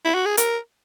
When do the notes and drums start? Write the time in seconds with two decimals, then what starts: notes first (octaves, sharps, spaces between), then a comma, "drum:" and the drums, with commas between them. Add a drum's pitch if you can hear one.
0.05 E4
0.15 F#4
0.26 G#4
0.37 A#4, drum: hi-hat